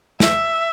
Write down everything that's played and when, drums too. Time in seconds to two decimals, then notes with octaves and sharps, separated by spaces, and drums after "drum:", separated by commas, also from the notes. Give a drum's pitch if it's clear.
0.20 E5, drum: snare